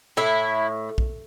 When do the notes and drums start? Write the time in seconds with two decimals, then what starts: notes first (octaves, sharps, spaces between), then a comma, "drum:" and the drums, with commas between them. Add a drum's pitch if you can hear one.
0.17 A2 E4
0.98 drum: kick